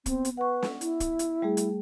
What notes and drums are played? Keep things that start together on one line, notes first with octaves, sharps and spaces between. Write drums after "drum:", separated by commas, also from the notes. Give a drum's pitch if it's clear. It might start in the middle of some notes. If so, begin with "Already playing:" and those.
B3 C4, drum: kick, hi-hat
drum: hi-hat
B4 F#5 C#6
drum: snare
E4, drum: hi-hat
drum: kick, hi-hat
drum: hi-hat
G3 A3 G#4
drum: hi-hat